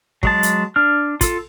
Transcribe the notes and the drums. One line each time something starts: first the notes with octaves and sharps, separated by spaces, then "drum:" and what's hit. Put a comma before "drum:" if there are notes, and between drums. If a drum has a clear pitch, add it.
F#3 G#3 A5, drum: kick
drum: hi-hat
D4 F6
F4 A4, drum: kick, hi-hat